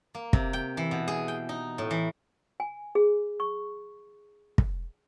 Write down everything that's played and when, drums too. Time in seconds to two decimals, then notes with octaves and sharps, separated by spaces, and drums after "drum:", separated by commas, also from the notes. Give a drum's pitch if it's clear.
0.15 A#3
0.33 C3, drum: kick
0.53 G5
0.77 E3
0.91 B2
1.08 G#4
1.28 G5
1.49 D#4
1.78 A2
1.91 E3
2.60 G#5
2.95 G#4
3.40 C#6
4.58 drum: kick